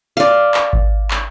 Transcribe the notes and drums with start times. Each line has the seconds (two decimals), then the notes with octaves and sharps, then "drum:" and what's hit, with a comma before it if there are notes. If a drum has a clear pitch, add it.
0.17 D5 F5
0.54 drum: clap
0.73 drum: kick G#1
1.11 drum: clap